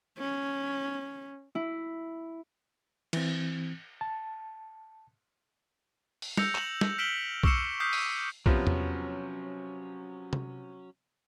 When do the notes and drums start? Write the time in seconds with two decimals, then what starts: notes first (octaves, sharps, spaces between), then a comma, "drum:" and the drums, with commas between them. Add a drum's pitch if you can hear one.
0.19 C#4
1.55 E4
3.13 E3 C4, drum: cymbal
4.01 A5
6.22 drum: open hi-hat
6.37 E6 G6 A#6 C#7 F7, drum: snare
6.55 E7 F#7, drum: clap
6.81 drum: snare
6.98 F6 B6 D7 E7 F#7 G7
7.43 C#6 D6 E6 C7 C#7 E7, drum: kick B1
7.80 D6 D#6 F6 G6 B6 C7
7.93 D#7, drum: open hi-hat
8.46 C3 F3 F#3 B3 C#4, drum: kick B1
8.67 drum: tom E2
10.33 drum: tom